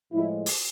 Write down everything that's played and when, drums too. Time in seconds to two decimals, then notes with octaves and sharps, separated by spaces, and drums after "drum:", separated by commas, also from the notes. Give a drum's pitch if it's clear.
0.13 A2 F3 G#3 E4
0.46 drum: open hi-hat